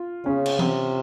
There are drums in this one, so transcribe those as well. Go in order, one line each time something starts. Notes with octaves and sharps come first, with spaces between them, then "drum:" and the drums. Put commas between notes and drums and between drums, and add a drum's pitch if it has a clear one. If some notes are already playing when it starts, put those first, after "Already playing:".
Already playing: F4
C#3 C#4
drum: cymbal
C3, drum: tom E3